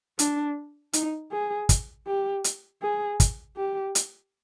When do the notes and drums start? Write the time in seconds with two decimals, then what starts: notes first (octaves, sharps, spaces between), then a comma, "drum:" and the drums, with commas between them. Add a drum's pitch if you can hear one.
0.19 D4, drum: hi-hat
0.93 D#4, drum: hi-hat
1.32 G#4
1.69 drum: kick, hi-hat
2.07 G4
2.44 drum: hi-hat
2.82 G#4
3.20 drum: kick, hi-hat
3.57 G4
3.95 drum: hi-hat